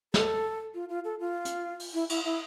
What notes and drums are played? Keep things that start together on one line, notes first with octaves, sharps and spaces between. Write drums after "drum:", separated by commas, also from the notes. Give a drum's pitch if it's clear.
A4, drum: snare
F4
F4
A4
F4
drum: hi-hat
drum: open hi-hat
E4
E4, drum: cymbal
E4